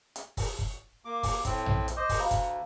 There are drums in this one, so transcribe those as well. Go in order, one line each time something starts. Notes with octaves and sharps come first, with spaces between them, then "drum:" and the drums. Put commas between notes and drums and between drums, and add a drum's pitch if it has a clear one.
drum: hi-hat
drum: kick, open hi-hat
drum: kick
A#3 D6
drum: kick, open hi-hat
A2 C4, drum: kick, hi-hat
drum: tom A#1
drum: hi-hat
C5 D#5 D6
drum: kick, open hi-hat
D2 F5 A#5 B5
drum: kick, hi-hat